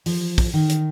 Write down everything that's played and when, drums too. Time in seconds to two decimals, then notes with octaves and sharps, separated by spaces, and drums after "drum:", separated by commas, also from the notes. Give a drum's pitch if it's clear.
0.06 F3, drum: open hi-hat
0.38 drum: kick, open hi-hat
0.53 D#3
0.69 drum: hi-hat